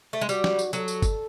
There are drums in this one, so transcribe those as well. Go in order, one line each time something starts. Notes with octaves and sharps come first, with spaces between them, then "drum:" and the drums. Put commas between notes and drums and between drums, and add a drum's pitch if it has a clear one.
A3
G#3
G3 F#4, drum: tambourine
drum: snare
drum: tambourine
F#3 A4, drum: tambourine
drum: tambourine
drum: kick, tambourine